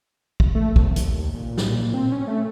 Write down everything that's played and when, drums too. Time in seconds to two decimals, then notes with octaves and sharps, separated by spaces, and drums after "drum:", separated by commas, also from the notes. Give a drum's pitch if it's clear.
0.40 drum: kick
0.55 A3
0.76 C2, drum: kick
0.96 D#2, drum: hi-hat
1.18 D#2
1.33 A#2
1.58 A2, drum: snare
1.70 A#2
1.94 C4
2.12 C#4
2.27 A3